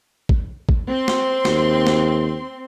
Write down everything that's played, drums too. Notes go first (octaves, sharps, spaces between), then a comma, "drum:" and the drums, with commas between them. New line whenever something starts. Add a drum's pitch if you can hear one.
drum: kick
drum: kick
C4 C6
drum: snare
D#2, drum: snare
drum: snare